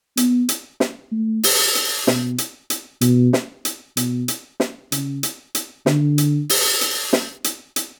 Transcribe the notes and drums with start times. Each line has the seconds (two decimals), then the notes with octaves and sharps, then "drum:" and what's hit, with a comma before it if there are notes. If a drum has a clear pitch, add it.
0.17 B3, drum: hi-hat
0.49 drum: hi-hat
0.80 drum: snare
1.12 A3
1.43 drum: open hi-hat
1.75 drum: hi-hat
2.07 B2, drum: snare
2.38 drum: hi-hat
2.70 drum: hi-hat
3.01 B2, drum: hi-hat
3.33 drum: snare
3.65 drum: hi-hat
3.97 B2, drum: hi-hat
4.28 drum: hi-hat
4.60 drum: snare
4.92 C#3, drum: hi-hat
5.23 drum: hi-hat
5.55 drum: hi-hat
5.86 D3, drum: snare
6.18 drum: hi-hat
6.49 drum: open hi-hat
6.81 drum: hi-hat
7.13 drum: snare
7.44 drum: hi-hat
7.76 drum: hi-hat